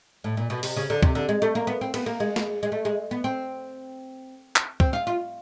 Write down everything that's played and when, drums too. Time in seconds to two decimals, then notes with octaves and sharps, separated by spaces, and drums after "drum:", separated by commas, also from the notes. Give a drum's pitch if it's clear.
0.24 A2
0.37 A#2
0.50 B2
0.63 C3, drum: open hi-hat
0.76 C#3
0.90 D3
1.03 C3, drum: kick
1.15 D3
1.29 G#3
1.42 A3
1.55 A#3
1.67 B3
1.81 C4
1.94 B3, drum: cymbal
2.06 A#3
2.20 G#3
2.36 drum: snare
2.63 G#3
2.72 A3
2.85 G#3
3.11 B3
3.24 C4
4.56 drum: clap
4.80 C4, drum: kick
4.93 F4
5.07 F4